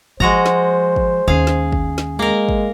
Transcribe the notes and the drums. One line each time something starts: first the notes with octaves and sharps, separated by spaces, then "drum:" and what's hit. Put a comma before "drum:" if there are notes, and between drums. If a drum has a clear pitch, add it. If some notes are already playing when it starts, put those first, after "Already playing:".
F3 G#3 F#4 C5 A#5, drum: kick
drum: snare
drum: kick
D#2 C#4 G#4 F5
drum: snare
drum: kick
drum: snare
G#3 A#3 A#4
drum: kick